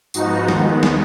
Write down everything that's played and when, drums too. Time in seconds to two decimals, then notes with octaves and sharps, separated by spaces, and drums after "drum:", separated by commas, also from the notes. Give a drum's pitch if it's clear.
0.14 G#2 F3 B3 D#4 F#4, drum: tambourine
0.48 D#2 D#3 G#3 B3, drum: snare
0.83 drum: snare